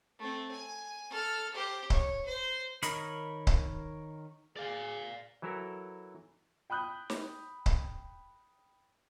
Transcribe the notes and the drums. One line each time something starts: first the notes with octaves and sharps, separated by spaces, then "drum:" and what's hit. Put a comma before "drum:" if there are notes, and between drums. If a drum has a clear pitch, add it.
A3 C4
G#5
A4 F6
G4 C5
C#5, drum: kick C#1
C5
D#3 A#4 C#5 D#5 B5, drum: hi-hat
drum: kick C#1
G#4 D5 F5
E3 F#3 E4 A4 A#4
G5 B5 D#6 F#6 G6
drum: snare
drum: kick C#1